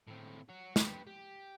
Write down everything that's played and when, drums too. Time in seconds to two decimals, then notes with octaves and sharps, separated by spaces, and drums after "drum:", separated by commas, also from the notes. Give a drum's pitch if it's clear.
0.07 A2 C4
0.49 F#4 C#5
0.76 G4 B4, drum: snare
1.07 G4